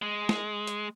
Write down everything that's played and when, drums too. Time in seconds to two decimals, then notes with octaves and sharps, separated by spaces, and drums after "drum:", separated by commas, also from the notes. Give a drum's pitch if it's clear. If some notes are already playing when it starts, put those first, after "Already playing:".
0.02 G#3
0.29 drum: snare
0.67 drum: hi-hat